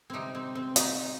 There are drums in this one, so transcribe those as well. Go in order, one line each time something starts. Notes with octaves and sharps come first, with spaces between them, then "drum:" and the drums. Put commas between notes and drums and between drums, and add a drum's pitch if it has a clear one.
C3 G3 C4 D#4
C4
C4
D#4, drum: hi-hat